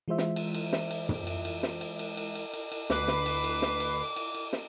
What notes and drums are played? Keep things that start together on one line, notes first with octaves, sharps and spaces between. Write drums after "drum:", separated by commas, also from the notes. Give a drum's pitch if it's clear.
E3 G#3 F4 C5 E5
drum: snare
drum: cymbal
drum: cymbal
drum: snare
drum: cymbal
drum: tom
drum: cymbal
drum: cymbal
drum: snare
drum: cymbal
drum: cymbal
drum: cymbal
drum: cymbal
drum: cymbal
drum: cymbal
D2 B4 D6 C7, drum: snare
drum: snare
drum: cymbal
drum: cymbal
drum: snare
drum: cymbal
drum: cymbal
drum: cymbal
drum: snare